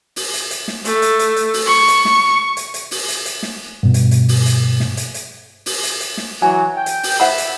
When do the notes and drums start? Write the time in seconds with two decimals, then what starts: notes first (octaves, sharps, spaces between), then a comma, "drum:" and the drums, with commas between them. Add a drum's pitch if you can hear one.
0.16 drum: open hi-hat
0.33 drum: hi-hat
0.51 drum: hi-hat
0.68 drum: snare
0.85 A3, drum: hi-hat
1.02 drum: hi-hat
1.19 drum: hi-hat
1.36 drum: hi-hat
1.54 drum: open hi-hat
1.66 C#6
1.88 drum: hi-hat
2.05 drum: snare
2.57 drum: hi-hat
2.74 drum: hi-hat
2.91 drum: open hi-hat
3.08 drum: hi-hat
3.25 drum: hi-hat
3.43 drum: snare
3.83 G2 B2
3.94 drum: hi-hat
4.11 drum: hi-hat
4.28 drum: open hi-hat
4.46 drum: hi-hat
4.80 drum: snare
4.97 drum: hi-hat
5.14 drum: hi-hat
5.66 drum: open hi-hat
5.83 drum: hi-hat
6.00 drum: hi-hat
6.17 drum: snare
6.42 E3 F#3 G#5
6.76 G5
6.86 drum: hi-hat
7.03 drum: open hi-hat
7.20 C5 E5 F#5 B5
7.38 drum: hi-hat